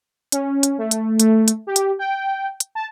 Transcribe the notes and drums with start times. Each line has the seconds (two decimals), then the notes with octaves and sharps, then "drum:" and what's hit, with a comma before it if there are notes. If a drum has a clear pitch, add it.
0.32 C#4, drum: hi-hat
0.63 drum: hi-hat
0.78 A3
0.91 drum: hi-hat
1.20 A3, drum: hi-hat
1.48 drum: hi-hat
1.67 G4
1.76 drum: hi-hat
1.99 G5
2.60 drum: hi-hat
2.75 A5